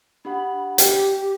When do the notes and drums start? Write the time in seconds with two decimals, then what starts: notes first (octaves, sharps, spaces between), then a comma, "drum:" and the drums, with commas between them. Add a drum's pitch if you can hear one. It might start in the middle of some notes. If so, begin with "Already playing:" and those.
0.25 D4 G4 F#5 B5
0.78 G4 G5, drum: hi-hat